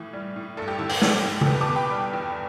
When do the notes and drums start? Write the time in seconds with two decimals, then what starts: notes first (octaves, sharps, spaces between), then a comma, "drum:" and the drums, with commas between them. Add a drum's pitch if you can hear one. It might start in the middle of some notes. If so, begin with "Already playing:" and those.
Already playing: A2 E3
0.13 G3
0.36 A2
0.57 G2 A4
0.68 G4
0.79 D3 E4
0.89 G4, drum: open hi-hat
1.02 G3, drum: snare
1.24 G2
1.41 A4, drum: tom C#3
1.46 E2 G4 B4
1.61 A5 D6
1.69 B2
1.76 G5 B5
1.90 G3
2.13 E2